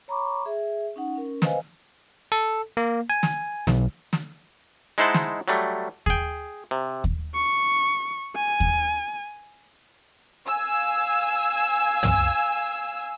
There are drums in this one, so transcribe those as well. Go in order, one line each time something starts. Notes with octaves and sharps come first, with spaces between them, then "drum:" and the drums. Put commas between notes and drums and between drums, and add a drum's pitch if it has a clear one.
C#5 A#5 B5 C#6 D6
G#4 E5
C#4 D#4 F#5
C#4 A#4
B4 C5 D#5 F5 G#5, drum: snare
A4
A#3
G#5
drum: snare
B1, drum: snare
drum: snare
G#3 D#4 E4 C5 F#5 A5
drum: snare
F#3 G3 A3
G#4 G5, drum: kick D#2
C3
drum: kick D#2
C#6
G#5
drum: kick D#2
F5 G#5 E6
drum: tom